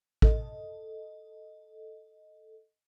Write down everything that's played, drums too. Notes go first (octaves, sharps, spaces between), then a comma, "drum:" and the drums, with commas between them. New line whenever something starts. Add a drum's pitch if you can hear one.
A4 D#5, drum: kick A1